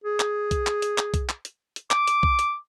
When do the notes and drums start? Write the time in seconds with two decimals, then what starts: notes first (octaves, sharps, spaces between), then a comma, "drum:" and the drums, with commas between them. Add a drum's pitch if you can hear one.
0.04 G#4
0.20 drum: clap
0.51 drum: kick B1, hi-hat
0.67 drum: clap
0.82 drum: hi-hat
0.98 drum: clap
1.14 drum: kick B1, hi-hat
1.29 drum: clap
1.45 drum: hi-hat
1.76 drum: hi-hat
1.91 D6, drum: clap
2.07 drum: hi-hat
2.23 drum: kick B1
2.39 drum: hi-hat